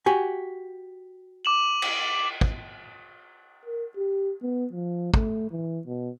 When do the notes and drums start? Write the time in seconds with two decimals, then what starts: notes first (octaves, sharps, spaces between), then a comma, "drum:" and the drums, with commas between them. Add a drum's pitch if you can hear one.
0.06 F#4 G4 G#5
1.45 D6 E7 F#7
1.82 drum: cymbal
2.41 drum: kick
3.66 A#4
3.96 G4
4.42 B3
4.72 F3
5.14 A3, drum: kick
5.51 E3
5.86 B2